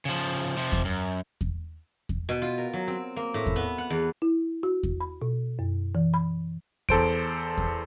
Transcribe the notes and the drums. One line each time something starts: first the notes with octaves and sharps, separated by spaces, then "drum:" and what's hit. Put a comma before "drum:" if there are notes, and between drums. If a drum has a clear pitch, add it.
C#3 F3
C3 F3
drum: kick E2
F#2
drum: kick E2
drum: kick E2
B2
F4
A#4
F#3
C4
A#3
A2
drum: kick E2
B3
F#5
E2
E4
F#4
drum: kick E2
B5
B2
F#2
E3
B5
E2 A4 C5 D7, drum: kick E2
drum: kick E2